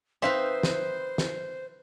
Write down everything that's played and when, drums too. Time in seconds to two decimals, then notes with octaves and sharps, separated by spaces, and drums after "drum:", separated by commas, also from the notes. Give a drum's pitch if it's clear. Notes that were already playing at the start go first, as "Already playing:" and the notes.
0.22 C4 D#4 B4 C5 E5 F5
0.63 drum: snare
1.18 drum: snare